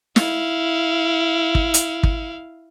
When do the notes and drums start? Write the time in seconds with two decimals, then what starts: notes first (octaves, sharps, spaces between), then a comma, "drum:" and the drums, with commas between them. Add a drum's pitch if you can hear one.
0.16 E4 F5, drum: snare
1.55 drum: kick
1.74 drum: hi-hat
2.03 drum: kick